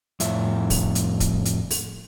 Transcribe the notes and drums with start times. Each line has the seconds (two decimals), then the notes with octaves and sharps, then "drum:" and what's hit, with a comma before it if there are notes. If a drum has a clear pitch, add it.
0.20 F2 A2 E5, drum: hi-hat
0.70 drum: kick, open hi-hat
0.95 drum: hi-hat
1.20 drum: kick, hi-hat
1.45 drum: hi-hat
1.71 drum: open hi-hat